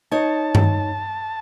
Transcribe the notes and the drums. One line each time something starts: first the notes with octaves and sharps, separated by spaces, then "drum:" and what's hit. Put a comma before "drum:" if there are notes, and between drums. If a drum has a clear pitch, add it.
D#4 C#5 A5
drum: tom G2